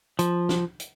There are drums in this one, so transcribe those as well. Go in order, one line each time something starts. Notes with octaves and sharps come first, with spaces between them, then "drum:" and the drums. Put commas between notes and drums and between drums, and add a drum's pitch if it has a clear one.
F3, drum: hi-hat
drum: snare
drum: hi-hat